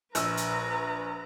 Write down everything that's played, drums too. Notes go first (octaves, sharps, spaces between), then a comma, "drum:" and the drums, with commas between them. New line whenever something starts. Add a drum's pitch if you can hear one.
A#1 B4 A#5 E6, drum: hi-hat
drum: hi-hat